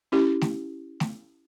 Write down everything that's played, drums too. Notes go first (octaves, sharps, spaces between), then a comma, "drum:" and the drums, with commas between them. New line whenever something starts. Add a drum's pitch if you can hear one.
C#4 E4 G4
drum: snare A3
drum: snare A3